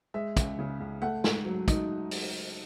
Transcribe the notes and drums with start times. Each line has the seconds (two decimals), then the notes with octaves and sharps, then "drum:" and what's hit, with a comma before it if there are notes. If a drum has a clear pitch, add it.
0.14 G#3 E5
0.37 C#2, drum: kick, hi-hat
0.59 C#3
0.80 C#2
1.02 A3 F#5
1.24 G#2, drum: snare
1.45 F#3
1.68 D#4, drum: kick, hi-hat
2.11 drum: open hi-hat